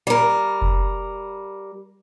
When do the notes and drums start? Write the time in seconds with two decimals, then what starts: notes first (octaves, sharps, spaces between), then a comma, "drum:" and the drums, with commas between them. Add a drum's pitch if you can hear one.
0.07 G3 A#4
0.62 drum: kick F1